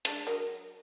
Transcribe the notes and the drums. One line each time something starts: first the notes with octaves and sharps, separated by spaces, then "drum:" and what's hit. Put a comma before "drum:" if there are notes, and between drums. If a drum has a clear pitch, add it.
G#3 D4, drum: hi-hat
F#3 A#4 D#5